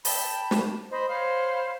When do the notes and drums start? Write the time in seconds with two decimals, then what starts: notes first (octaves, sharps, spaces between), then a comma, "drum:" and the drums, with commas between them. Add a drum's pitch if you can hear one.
0.05 G5 A5 B5, drum: open hi-hat
0.51 drum: snare
0.91 C5 D#5 B5
1.09 C5 C#5 F5 B5